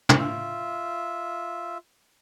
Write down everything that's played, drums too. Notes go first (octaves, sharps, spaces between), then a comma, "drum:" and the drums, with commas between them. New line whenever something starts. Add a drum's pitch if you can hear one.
drum: tom
F4 E5